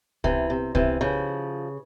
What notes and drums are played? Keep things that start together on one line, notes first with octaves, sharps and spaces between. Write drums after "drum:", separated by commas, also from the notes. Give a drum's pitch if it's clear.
C3 E3, drum: kick
C3
C3 E3, drum: kick
C#3 F3